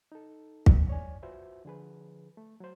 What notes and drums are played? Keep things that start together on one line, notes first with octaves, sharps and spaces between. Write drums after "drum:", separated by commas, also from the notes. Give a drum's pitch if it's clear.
D#4 A4
drum: kick
C#5 D5 G#5
F4 F#4 B4 C5 E5
D3 F3 G#4 B4
A3
F#3 C5